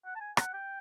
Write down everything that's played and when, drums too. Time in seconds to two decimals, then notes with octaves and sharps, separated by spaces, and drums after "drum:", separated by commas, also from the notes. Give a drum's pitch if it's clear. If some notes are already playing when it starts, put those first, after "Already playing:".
0.05 F#5
0.15 A5
0.21 G#5
0.37 F#5, drum: rim click
0.54 G5